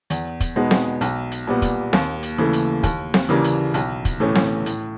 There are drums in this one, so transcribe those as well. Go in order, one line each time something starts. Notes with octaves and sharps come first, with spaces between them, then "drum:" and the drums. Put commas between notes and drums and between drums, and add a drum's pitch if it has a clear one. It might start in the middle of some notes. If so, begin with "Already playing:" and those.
E2, drum: hi-hat
drum: kick, hi-hat
B2 G#3 B3 D#4
drum: snare C4
B1, drum: hi-hat
drum: hi-hat
A#2 G3 B3
drum: kick, hi-hat
D#2, drum: snare C4
drum: hi-hat
C#3 E3 A3
drum: hi-hat
D#2, drum: kick, hi-hat
drum: snare C4
C#3 E3 G3 A#3
drum: hi-hat
B1, drum: hi-hat
drum: kick, hi-hat
A2 E3 A3 C#4
drum: snare C4
A2, drum: hi-hat